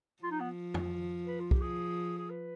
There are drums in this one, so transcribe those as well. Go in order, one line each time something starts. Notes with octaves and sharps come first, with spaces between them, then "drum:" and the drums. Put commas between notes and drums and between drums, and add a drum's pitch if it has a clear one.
F3 F4
D#4
B3
drum: tom F2
B4
F4
G4, drum: kick B1
F3 G#4
G#4
B4